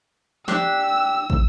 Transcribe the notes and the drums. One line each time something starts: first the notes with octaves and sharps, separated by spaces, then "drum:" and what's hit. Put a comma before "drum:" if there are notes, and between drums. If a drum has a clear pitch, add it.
D4 G4 E6, drum: snare
drum: kick